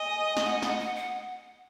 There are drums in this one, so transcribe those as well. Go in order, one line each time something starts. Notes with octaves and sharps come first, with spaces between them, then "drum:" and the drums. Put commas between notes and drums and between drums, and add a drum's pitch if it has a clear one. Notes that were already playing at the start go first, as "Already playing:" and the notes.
Already playing: D#5 G#5
G#5, drum: snare
F#5
F#5, drum: snare
F#5
F#5